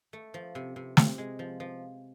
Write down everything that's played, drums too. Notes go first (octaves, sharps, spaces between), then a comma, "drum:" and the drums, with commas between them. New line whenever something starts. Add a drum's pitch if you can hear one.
A3
F3
C3
C3
C3, drum: snare
G#3
F3
F3